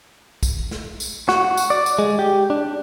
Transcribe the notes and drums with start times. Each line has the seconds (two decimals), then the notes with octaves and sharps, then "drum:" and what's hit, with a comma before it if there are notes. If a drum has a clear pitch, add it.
0.43 drum: kick, tambourine
0.71 drum: snare
1.00 drum: tambourine
1.29 F#4, drum: snare
1.44 F#4
1.57 drum: tambourine
1.70 D5
1.86 drum: tambourine
1.99 G#3
2.19 G4
2.50 D4